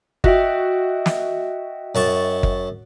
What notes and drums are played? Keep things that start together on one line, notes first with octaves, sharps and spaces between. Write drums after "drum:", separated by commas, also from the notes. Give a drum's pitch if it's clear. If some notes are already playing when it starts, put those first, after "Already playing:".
F#4 D#5 E5 G5, drum: kick G1
drum: snare
F#2 A5 C#6
drum: kick G1